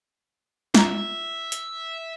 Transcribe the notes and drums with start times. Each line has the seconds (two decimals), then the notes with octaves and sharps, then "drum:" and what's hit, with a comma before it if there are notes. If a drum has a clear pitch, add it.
0.75 F4 E5 A#5, drum: snare
1.52 drum: hi-hat